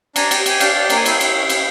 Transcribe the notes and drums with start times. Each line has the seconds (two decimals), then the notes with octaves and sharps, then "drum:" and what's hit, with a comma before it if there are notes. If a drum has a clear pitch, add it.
0.16 D4 G#5 A#5, drum: cymbal
0.31 G4, drum: cymbal
0.46 G4 G#5, drum: cymbal
0.60 D4 F5 G5, drum: cymbal
0.75 D4
0.83 G5
0.90 A#3, drum: cymbal
0.96 G#5
1.06 E4 F5 G5, drum: cymbal
1.20 E4, drum: cymbal
1.35 C#4
1.49 C#4, drum: cymbal